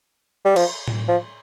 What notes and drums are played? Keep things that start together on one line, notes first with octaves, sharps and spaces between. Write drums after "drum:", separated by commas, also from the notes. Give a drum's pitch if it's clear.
G3
F3, drum: cymbal
drum: tom A2
F3